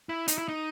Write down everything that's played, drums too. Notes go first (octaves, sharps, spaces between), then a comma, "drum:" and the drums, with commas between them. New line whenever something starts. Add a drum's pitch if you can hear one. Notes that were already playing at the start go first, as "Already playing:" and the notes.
E4
D#4, drum: hi-hat
E4
D#4